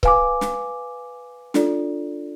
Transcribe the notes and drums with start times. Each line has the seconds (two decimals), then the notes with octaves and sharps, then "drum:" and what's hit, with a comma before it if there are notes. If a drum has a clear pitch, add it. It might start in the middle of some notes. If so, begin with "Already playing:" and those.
0.03 B4 F5 G#5 D6, drum: kick C#1
0.41 drum: snare
1.54 D4 F4 A4 D5, drum: snare